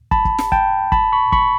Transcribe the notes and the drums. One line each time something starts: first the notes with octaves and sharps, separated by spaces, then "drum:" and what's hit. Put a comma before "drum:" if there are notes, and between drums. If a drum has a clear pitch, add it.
A5 B5, drum: kick
drum: kick
drum: snare
G5 A5, drum: kick
A5 B5, drum: kick
B5 C#6
B5 C#6, drum: kick